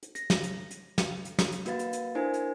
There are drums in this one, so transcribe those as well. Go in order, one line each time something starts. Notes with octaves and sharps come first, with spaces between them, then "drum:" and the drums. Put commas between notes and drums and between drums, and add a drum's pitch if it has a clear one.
drum: hi-hat
A#6, drum: hi-hat
drum: snare
drum: hi-hat
drum: hi-hat
drum: snare
drum: hi-hat
drum: snare
drum: hi-hat
A#3 F#4 B4 F5 A6, drum: hi-hat
drum: hi-hat
drum: hi-hat
D4 E4 A#4 C5 G#5
drum: hi-hat